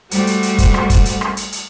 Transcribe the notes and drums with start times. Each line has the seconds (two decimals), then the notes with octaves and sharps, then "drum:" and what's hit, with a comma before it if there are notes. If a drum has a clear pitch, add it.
0.11 G3 A3 F#4 C5, drum: hi-hat
0.27 drum: hi-hat
0.43 drum: hi-hat
0.58 drum: kick, hi-hat
0.74 drum: rim click
0.90 drum: kick, hi-hat
1.05 drum: hi-hat
1.21 drum: rim click
1.37 drum: hi-hat
1.52 drum: hi-hat